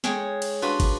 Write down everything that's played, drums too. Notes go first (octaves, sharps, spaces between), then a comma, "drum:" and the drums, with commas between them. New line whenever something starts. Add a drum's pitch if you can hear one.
G#3 G#4 C#5 G5, drum: snare
drum: cymbal
D4 F4 F#4 B4
drum: kick, cymbal